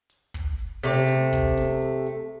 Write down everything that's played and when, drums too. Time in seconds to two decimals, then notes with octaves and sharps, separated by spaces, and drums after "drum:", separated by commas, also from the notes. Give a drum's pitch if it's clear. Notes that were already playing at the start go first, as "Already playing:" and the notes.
0.10 drum: hi-hat
0.34 drum: kick, hi-hat
0.59 drum: hi-hat
0.83 C3 A3, drum: open hi-hat
1.08 drum: snare
1.33 drum: kick, hi-hat
1.57 drum: snare
1.82 drum: hi-hat
2.06 drum: hi-hat